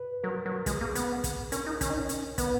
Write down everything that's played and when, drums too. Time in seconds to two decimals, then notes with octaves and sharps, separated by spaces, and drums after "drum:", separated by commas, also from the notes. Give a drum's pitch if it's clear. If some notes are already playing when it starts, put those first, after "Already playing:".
Already playing: B4
0.23 F#3 A#4
0.46 F#3
0.66 G#3 G#4, drum: kick, hi-hat
0.81 A#3
0.95 B3, drum: hi-hat
1.24 drum: kick, hi-hat
1.52 C#4 A#4, drum: hi-hat
1.66 D#4
1.81 C#4, drum: kick, hi-hat
1.90 D#4
1.99 C#4
2.09 drum: hi-hat
2.38 B3 B4, drum: kick, hi-hat